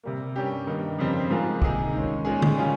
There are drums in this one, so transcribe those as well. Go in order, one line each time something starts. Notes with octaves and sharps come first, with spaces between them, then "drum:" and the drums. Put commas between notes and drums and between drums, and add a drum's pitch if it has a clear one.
C3 G3 A#3
G2 G3 C#4 G4
G2 D#3 A#3 D#4
F2 C#3 G3 C4
G#2 F3 A#3 F4 G#4
C3 D#3 A#3 D#4 G#4, drum: kick
D#3 G#3 C#4
A#2 G#3 C#4 G#4
drum: tom D3
G3 C#4 F4 G#4